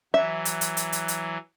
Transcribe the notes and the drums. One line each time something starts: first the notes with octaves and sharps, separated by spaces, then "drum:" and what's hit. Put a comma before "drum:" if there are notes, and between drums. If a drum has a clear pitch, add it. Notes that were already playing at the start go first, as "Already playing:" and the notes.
E3 F#3 E5
drum: hi-hat
drum: hi-hat
drum: hi-hat
drum: hi-hat
drum: hi-hat